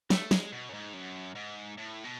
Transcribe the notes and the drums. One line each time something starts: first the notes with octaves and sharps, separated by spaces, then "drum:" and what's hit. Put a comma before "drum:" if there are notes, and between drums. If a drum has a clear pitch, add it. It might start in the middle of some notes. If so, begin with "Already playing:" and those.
A3, drum: snare
G#3, drum: snare
B2
F#2
G#2
F#2
G#2
A2
B2